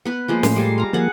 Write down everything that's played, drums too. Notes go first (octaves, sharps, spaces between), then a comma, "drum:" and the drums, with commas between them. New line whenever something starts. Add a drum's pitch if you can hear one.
B3 B4
F3 G#3 A#3
A2 A3 C6, drum: snare
G3 G#3 A5
F5 A#5
F3 A#3 G#4 F#5 A5